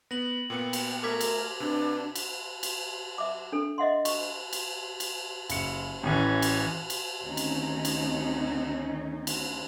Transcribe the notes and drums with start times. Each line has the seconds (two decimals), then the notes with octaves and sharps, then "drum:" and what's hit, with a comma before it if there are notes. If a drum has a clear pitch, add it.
0.11 B3 A#6 F#7
0.50 A#2 B3 G5 C#7
0.73 drum: cymbal
1.04 A3 A#4 D6 G#6 B6
1.21 drum: cymbal
1.60 C3 D4 B4
2.15 drum: cymbal
2.63 drum: cymbal
3.18 E5 D6
3.52 D4 A4
3.78 D#5 E5 F#5 C6
4.05 C#6, drum: cymbal
4.53 drum: cymbal
5.00 drum: cymbal
5.50 F#1 C#7, drum: cymbal
6.03 A1 E3 C#4
6.42 drum: cymbal
6.90 drum: cymbal
7.21 D2 D#3 C4 C#4 D#4
7.37 drum: cymbal
7.85 drum: cymbal
9.27 drum: cymbal